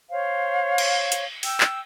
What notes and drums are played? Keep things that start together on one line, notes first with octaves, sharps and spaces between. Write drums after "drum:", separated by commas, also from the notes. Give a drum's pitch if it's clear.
C5 C#5 F5
drum: cymbal
drum: hi-hat
G5 E6, drum: open hi-hat
drum: clap